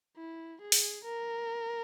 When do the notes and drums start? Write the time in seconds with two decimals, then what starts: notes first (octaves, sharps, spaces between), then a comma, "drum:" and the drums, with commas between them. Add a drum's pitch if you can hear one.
0.17 E4
0.62 G#4
0.72 drum: open hi-hat
1.05 A#4